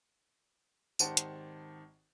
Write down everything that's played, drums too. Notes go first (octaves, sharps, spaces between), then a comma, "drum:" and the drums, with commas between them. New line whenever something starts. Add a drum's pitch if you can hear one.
G#1 D#3 G4 C5 F#5 A5, drum: tambourine
drum: hi-hat